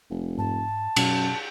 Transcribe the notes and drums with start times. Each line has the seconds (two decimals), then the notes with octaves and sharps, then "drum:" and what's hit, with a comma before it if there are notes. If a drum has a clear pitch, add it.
0.10 F1
0.38 G#2 A5
0.97 F#2 B2, drum: cymbal